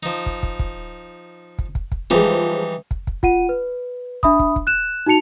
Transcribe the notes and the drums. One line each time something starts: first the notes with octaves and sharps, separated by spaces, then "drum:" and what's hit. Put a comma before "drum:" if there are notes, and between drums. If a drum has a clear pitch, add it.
F3 D#4
drum: kick
drum: kick
drum: kick
drum: kick
drum: kick
drum: kick
E3 F3 G3 G#3 D#4
drum: kick
drum: kick
F4 F#5 D#7, drum: kick
B4
D4 E5 B5 D#6, drum: kick
drum: kick
drum: kick
F#6 E7
D#4 F#4 A5 C#7 F7